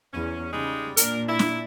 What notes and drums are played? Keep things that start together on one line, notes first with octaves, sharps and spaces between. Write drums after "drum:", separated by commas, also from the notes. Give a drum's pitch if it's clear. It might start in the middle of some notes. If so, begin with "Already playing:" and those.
E2 C#4
C#3 G3 G#3 D#4
A#2 D4 A#4, drum: hi-hat
E4
drum: snare